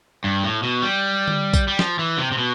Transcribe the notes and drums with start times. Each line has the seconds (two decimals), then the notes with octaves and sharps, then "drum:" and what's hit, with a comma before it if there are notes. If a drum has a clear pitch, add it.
0.24 G2
0.44 A2
0.63 B2
0.82 G3
1.28 drum: tom D3
1.53 drum: kick A#1, tambourine
1.68 G3
1.79 F3, drum: snare
1.99 E3
2.18 C3
2.32 C3
2.38 B2